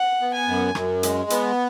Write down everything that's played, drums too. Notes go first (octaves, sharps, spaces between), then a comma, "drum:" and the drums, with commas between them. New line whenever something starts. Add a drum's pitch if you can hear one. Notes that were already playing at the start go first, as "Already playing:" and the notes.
Already playing: F#5
B3
G#5
F#2
F#2, drum: rim click
G#3, drum: hi-hat
B3, drum: hi-hat